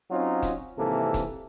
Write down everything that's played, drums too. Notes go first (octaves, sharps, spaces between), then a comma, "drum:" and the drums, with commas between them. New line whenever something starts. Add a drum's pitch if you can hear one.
F#3 C4 C#4 D#4 F4
drum: kick D#1, hi-hat
G#1 C3 E3 A#3 A4
drum: kick D#1, hi-hat